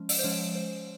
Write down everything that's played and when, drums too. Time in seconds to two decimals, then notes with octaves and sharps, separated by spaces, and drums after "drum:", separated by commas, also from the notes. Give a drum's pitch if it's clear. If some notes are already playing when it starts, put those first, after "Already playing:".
Already playing: F3 G#3 C#4
0.09 drum: open hi-hat
0.19 C5
0.24 F3 G#3 C#4 C#5
0.55 C5